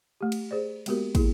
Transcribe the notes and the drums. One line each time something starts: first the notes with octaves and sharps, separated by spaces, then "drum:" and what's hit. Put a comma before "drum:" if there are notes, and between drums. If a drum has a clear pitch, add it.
A3 G4
drum: cymbal
G#4 C5 D5
G#3 A#3 B3 F#4 G4 A#4, drum: cymbal
A#3 E4 G#4, drum: kick, cymbal